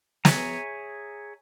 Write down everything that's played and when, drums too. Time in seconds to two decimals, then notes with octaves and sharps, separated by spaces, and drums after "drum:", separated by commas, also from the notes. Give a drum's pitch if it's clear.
0.25 G#4 C#5 E5 G#5 A#5, drum: snare